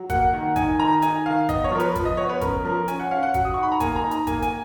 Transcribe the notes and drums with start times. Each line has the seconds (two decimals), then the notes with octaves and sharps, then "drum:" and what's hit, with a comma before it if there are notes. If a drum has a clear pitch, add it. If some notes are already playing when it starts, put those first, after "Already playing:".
Already playing: F#3
0.09 A#3 F#5, drum: kick G#1, hi-hat
0.33 D#3
0.56 D#4 G#5, drum: kick G#1, hi-hat
0.79 D#3 A#5
1.02 D#4 G#5, drum: hi-hat
1.26 D#3 F5
1.49 B3 D#5, drum: kick G#1, hi-hat
1.64 C#5
1.72 F3 A#4
1.80 B4, drum: hi-hat
1.95 F3, drum: kick G#1, hi-hat
2.05 D#5
2.17 B3 C#5
2.29 B4
2.41 C#4 A#4, drum: kick G#1, hi-hat
2.64 F3 A#4
2.88 C#4 G#5, drum: hi-hat
3.00 F#5
3.11 C#4 F5
3.23 F#5
3.34 F#3, drum: kick G#1, hi-hat
3.45 D#6
3.54 D#4 C#6
3.63 B5
3.72 A#5
3.80 A#3 G#5, drum: kick G#1, hi-hat
3.96 A#5
4.04 D#4
4.11 A#5, drum: hi-hat
4.27 A#3 G#5, drum: kick G#1, hi-hat
4.42 G#5, drum: hi-hat